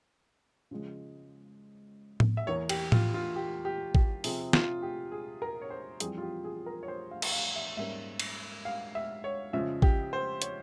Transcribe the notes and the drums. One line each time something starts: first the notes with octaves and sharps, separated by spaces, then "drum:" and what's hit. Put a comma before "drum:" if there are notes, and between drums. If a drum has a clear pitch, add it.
C#3 F3 G#3
drum: tom A2
E5
E2 E3 A#3 C#5
G4, drum: cymbal
F4, drum: tom A2
F4
G4
G4
G4, drum: kick
C3 F3 C4 G#4, drum: open hi-hat
F4, drum: snare
G4
G#4
A#4
C#5
C5
F2 E3 G3 C4 G#4, drum: hi-hat
F4
G4
G#4
A#4
C#5
C5
F5
drum: cymbal
F5
E5
G#2 G3 A#3 C#4 E5
drum: cymbal
F5
E5
C#5
F2 C#3 F3 G#3 E5
G4, drum: kick
C5
C#5, drum: hi-hat